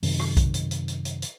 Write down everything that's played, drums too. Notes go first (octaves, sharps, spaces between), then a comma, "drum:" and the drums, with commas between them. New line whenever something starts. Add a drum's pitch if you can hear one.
F#2 C3 D#3, drum: open hi-hat
drum: rim click
drum: kick B1, hi-hat
drum: hi-hat
drum: hi-hat
drum: hi-hat
drum: hi-hat
drum: hi-hat